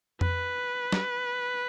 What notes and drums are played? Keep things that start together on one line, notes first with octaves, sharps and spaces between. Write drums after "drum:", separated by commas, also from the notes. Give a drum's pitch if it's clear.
B4, drum: tom F2
drum: snare